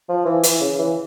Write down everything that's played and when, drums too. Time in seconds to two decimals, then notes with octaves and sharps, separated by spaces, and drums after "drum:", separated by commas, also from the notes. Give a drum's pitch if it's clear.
0.09 F3
0.26 E3
0.43 E3, drum: hi-hat
0.61 C#3
0.79 E3